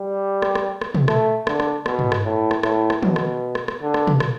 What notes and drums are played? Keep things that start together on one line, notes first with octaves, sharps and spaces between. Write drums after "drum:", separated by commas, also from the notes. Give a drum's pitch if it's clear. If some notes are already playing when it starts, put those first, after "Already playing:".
Already playing: G3
drum: rim click
drum: rim click
drum: rim click
drum: tom
A3, drum: rim click
D3, drum: rim click
drum: rim click
B2, drum: rim click
drum: tom
drum: rim click
A2
drum: rim click
A2, drum: rim click
drum: rim click
B2, drum: tom
drum: rim click
drum: rim click
drum: rim click
D3
drum: rim click
drum: tom
drum: rim click